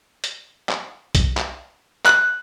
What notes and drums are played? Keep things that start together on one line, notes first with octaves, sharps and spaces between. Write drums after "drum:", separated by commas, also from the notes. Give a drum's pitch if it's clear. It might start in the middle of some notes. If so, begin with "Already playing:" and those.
drum: hi-hat
drum: clap
drum: kick, hi-hat
drum: clap
F#6, drum: clap